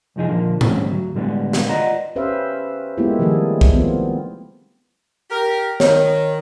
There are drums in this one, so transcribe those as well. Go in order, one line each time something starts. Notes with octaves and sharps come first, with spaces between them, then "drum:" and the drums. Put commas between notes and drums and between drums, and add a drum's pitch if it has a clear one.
C2 F2 F3 D#4 G#4
A#2 D3 F3 A#3
D3 G3 A3 C4 C#4, drum: tom G#2
D2 F#3
A2 D3 G3 G#3 B3
drum: snare
F4 B4 D5 D#5 F#5 A#5
C#4 G4 B4 C5 E5 F5
G#3 A#3 B3 E4 F4 G4
D#3 F3 G3 A3 G#4 A4
drum: kick
B3 C4 F4
G4 A#4
D#3 C#5, drum: snare